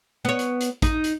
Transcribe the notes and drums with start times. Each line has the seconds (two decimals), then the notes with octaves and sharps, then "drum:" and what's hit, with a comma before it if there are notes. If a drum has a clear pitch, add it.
0.25 B3 C#5
0.39 drum: hi-hat
0.61 drum: hi-hat
0.82 D#4, drum: kick A1, hi-hat
1.04 drum: hi-hat